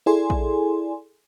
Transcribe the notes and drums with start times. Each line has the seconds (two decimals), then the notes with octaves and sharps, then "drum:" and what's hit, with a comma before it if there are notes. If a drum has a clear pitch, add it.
0.06 E4 G#4 A4 D5 G#5 C6
0.30 drum: kick